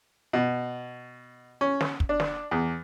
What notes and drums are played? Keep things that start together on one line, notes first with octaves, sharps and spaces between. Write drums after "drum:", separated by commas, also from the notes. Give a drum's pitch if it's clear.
B2
C#4
drum: snare
drum: kick
D4
drum: snare
E2